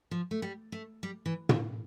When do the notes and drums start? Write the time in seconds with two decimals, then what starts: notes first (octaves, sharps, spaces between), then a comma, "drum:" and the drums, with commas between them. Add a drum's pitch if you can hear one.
0.11 F3
0.31 A3
0.42 G3
0.72 A3
1.03 G3
1.26 E3
1.49 D3, drum: tom